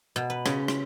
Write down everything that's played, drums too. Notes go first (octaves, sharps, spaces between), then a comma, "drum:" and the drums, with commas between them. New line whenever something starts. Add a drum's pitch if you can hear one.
B2
B4
C#3, drum: rim click
drum: rim click